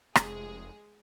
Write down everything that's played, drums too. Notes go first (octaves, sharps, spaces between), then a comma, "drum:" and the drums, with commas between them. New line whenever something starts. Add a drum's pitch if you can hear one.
F1 G#3 G#4, drum: rim click